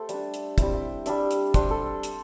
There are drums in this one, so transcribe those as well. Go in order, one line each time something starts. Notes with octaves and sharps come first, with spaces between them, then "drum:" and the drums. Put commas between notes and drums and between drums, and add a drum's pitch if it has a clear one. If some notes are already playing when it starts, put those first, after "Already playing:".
Already playing: A3 G4 A4 C5
G3 D4 E5, drum: hi-hat
drum: hi-hat
G3 C4 E4 G5, drum: kick, hi-hat
E5
G3 D4 E5, drum: hi-hat
drum: hi-hat
G3 D4 C5, drum: kick, hi-hat
A4
drum: hi-hat